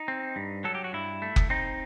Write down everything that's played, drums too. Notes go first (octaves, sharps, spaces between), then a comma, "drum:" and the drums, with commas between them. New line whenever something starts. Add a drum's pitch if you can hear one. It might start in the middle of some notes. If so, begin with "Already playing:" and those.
Already playing: D#4
C4
G2
F#3 A4
G4
F#4
G2 E4
A3
drum: kick F#1
C4 D#4